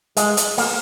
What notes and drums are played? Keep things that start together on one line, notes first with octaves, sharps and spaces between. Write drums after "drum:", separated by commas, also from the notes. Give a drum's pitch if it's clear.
G#3, drum: hi-hat
drum: hi-hat
A#3, drum: open hi-hat